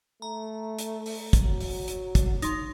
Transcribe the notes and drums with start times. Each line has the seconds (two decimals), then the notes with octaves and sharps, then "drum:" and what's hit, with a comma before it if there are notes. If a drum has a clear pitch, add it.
0.22 A3 A#5
0.79 drum: hi-hat
1.06 drum: open hi-hat
1.33 drum: kick, hi-hat
1.45 F#3
1.60 drum: open hi-hat
1.88 drum: hi-hat
2.15 drum: kick, hi-hat
2.42 D#4 C6, drum: hi-hat